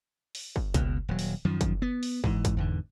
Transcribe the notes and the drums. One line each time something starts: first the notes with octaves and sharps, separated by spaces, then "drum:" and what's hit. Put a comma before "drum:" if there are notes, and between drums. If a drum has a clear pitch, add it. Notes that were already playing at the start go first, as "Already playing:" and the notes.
drum: open hi-hat
drum: kick
C#2 B2, drum: kick, hi-hat
D#1 F#3
drum: open hi-hat
F#2 D#3 F3
drum: kick, hi-hat
B3
drum: open hi-hat
G#2 E3, drum: kick
drum: kick, hi-hat
E2 G#2 D3